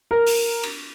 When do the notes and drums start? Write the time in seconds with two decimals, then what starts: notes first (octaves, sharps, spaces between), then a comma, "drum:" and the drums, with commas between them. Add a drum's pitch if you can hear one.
0.11 A#4
0.26 drum: open hi-hat
0.63 drum: cymbal